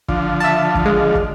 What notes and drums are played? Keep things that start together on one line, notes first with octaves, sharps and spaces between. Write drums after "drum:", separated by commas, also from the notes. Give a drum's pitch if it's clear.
D3 F3, drum: kick
E5 A5
drum: kick
G#3
drum: kick